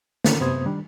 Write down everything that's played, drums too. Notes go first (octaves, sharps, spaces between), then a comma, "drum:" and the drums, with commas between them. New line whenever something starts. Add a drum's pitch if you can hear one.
D3 D#3 A#3 C#4 A4, drum: snare
F#2 C3 B3 C5 D#6 G#6
D#3 G3 D4